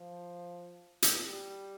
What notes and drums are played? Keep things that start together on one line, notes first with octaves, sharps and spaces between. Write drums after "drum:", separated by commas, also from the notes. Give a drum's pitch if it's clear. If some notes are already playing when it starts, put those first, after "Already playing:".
Already playing: F3
drum: hi-hat
G3